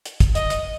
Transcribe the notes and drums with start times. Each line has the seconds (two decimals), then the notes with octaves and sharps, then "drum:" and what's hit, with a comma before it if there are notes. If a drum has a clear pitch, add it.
0.06 drum: hi-hat
0.20 drum: kick, hi-hat
0.35 D#5, drum: hi-hat
0.50 drum: hi-hat